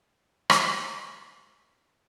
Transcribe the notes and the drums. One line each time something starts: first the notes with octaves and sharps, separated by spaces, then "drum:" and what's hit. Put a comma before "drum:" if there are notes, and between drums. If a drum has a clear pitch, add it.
A2 G3 A#3 D#4 G#4 A4
drum: rim click
A#3 F4 F#4 A4
E2 F#3 B4 C5
C#3 F#3 B3 D#4 G#4 A4
F2 F3 A#3 E5 F#5 G5